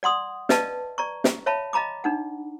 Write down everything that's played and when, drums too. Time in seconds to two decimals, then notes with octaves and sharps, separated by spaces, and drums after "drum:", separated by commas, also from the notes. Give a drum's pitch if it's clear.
0.03 D5 F#5 C6 D#6
0.49 B4 D5 D#5 F5 A5, drum: snare
0.98 D5 A#5 C#6
1.24 drum: snare
1.46 C#5 E5 F5 A5 B5
1.73 D#5 F5 A#5 B5 D6
2.04 D4 D#4 F#5